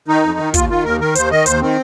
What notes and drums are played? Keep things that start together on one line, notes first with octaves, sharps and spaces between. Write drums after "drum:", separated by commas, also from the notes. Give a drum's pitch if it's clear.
D#3 D#4
F2
D#3
D#2 F4, drum: kick, hi-hat
D#3 F4
D#2 A#4
D#3 A#4
D#2 C5, drum: hi-hat
D#3 D#5
D#2 C5, drum: hi-hat
D#3 C4